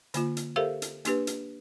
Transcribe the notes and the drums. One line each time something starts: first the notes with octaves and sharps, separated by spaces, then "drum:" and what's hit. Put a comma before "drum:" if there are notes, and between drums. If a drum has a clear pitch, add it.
D3 A#3 F4, drum: hi-hat
drum: hi-hat
G4 A4 A#4 C5 E5 F5
drum: hi-hat
A#3 D4 G4 B4, drum: hi-hat
drum: hi-hat